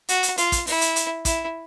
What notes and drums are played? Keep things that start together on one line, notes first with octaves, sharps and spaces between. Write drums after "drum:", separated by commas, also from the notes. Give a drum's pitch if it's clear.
F#4, drum: hi-hat
drum: hi-hat
F4, drum: hi-hat
drum: kick, hi-hat
E4, drum: open hi-hat
drum: hi-hat
drum: hi-hat
E4, drum: kick, hi-hat